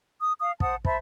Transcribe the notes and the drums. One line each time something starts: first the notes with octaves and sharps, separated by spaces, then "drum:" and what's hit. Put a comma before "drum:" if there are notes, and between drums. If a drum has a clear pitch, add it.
D#6
F5 D#6
C5 F#5 A5 D#6, drum: kick
C5 E5 A5 B5, drum: kick